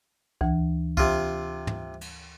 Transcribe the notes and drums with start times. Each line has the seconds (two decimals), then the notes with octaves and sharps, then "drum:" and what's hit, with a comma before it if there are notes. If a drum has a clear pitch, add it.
0.41 D2 E3, drum: kick C2
0.97 C3 F4, drum: kick C2
1.67 drum: tom
2.01 drum: cymbal